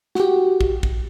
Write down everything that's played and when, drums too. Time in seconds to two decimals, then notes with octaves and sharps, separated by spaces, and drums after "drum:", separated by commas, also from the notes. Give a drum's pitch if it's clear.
0.15 F#4 G4, drum: snare
0.61 drum: kick
0.83 drum: kick